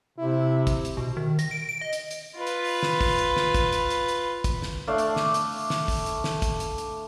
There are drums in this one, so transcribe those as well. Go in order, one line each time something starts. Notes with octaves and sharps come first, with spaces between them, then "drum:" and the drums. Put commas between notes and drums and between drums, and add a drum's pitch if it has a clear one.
C3 E4
drum: kick, hi-hat
drum: hi-hat
B2
D#3
A#6, drum: hi-hat
D7
D7
D#5
drum: hi-hat
drum: hi-hat
F4 B4
drum: hi-hat
drum: open hi-hat
drum: snare
drum: kick, open hi-hat
drum: hi-hat
drum: snare
drum: kick, hi-hat
drum: hi-hat
drum: hi-hat
drum: hi-hat
drum: kick, hi-hat
drum: snare
A3 D4 D5 F5
drum: hi-hat
drum: snare
drum: hi-hat
drum: open hi-hat
drum: snare
drum: kick, open hi-hat
drum: hi-hat
drum: snare
drum: kick, hi-hat
drum: hi-hat
drum: hi-hat